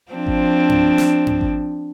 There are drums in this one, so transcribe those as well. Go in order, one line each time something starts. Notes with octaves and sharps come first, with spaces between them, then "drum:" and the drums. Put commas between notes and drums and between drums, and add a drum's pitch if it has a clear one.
F3 C4 D4
drum: kick G#1
drum: tom G2
drum: snare
drum: tom G2
drum: kick G#1